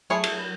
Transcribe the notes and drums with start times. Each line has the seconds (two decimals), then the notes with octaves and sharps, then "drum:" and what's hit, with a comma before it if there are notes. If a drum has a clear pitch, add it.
0.10 F#3 A3 E4 G#4 C#5
0.24 drum: cymbal